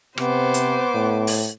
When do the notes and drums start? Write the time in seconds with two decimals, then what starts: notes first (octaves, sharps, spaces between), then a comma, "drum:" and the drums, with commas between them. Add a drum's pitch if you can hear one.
0.18 C3 B3 C5 D6, drum: rim click
0.54 drum: hi-hat
0.94 A2
1.27 drum: open hi-hat